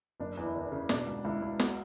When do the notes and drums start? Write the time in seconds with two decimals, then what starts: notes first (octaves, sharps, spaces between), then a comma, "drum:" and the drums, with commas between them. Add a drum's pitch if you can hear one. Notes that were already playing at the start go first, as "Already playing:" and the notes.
0.20 F#1 D4
0.37 E2
0.43 E4
0.55 E2
0.66 D4
0.72 C#3
0.89 B2 D4, drum: snare
1.07 C#2
1.25 C#2 E4
1.42 C#2
1.59 F#4, drum: snare